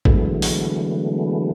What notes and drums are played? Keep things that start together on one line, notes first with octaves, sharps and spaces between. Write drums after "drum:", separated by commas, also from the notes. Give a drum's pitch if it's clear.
D3 E3 F#3 G#3 A3 B3, drum: kick
drum: open hi-hat